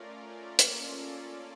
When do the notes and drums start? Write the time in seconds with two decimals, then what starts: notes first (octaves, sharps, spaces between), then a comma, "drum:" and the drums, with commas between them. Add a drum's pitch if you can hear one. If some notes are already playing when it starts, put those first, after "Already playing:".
Already playing: A3 C#4 F4 A#4 D5
0.59 A#3 C#4 F4 A4 D5, drum: hi-hat